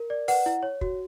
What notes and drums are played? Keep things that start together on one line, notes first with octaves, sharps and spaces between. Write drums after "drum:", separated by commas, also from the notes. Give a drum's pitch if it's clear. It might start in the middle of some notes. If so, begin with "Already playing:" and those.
Already playing: A#4
D5
B4 F#5, drum: open hi-hat
E4
C#5
F#4, drum: kick